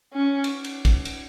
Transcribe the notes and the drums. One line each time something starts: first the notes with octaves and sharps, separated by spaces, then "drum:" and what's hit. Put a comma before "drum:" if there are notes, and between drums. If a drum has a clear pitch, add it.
C#4
drum: cymbal
drum: cymbal
drum: kick, cymbal
drum: cymbal